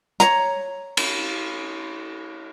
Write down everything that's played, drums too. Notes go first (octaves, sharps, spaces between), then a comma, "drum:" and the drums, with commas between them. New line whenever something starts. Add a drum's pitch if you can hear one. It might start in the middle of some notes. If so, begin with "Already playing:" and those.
C#5 A#5, drum: hi-hat
drum: cymbal